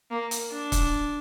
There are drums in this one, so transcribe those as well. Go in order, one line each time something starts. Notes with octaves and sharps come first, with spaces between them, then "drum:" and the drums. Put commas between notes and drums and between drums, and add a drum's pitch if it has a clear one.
A#3
drum: hi-hat
D4
drum: kick, hi-hat